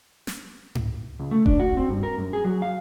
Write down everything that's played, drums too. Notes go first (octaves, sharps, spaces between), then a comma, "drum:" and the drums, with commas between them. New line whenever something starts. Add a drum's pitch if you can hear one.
drum: snare
drum: tom G#2
C#2
A3
D4, drum: kick E1
F#4
C4
G2
A#4
F#2
G#4
F#3
F5